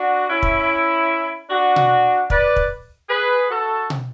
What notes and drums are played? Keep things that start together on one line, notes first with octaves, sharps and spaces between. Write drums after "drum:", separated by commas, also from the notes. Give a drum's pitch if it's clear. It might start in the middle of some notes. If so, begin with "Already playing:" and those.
Already playing: D4 F#4
C#4 E4
drum: kick
D4 F#4
drum: tom B2
B4 D5, drum: kick
drum: kick
G#4 B4
F#4 A4
drum: tom B2